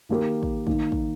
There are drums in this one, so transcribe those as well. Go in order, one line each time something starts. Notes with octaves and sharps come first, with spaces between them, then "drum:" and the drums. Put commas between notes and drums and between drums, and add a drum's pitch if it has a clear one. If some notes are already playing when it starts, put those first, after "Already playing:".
D#3 A#3 G4 A#4
drum: kick
D#3 A#3 D#4, drum: kick
drum: kick